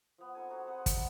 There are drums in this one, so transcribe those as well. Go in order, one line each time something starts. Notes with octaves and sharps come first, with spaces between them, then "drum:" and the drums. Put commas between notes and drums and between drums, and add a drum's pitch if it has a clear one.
F3 B3
C4 D#4 A4 G#5
F#4 A4 C5 A#5
C4 G#4 B4 F#5
G3 G#3, drum: kick, hi-hat